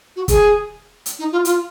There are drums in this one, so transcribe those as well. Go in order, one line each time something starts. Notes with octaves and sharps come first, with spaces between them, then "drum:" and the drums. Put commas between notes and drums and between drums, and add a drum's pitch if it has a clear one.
F#4
G#4, drum: kick, hi-hat
drum: hi-hat
D#4
F4
F4, drum: hi-hat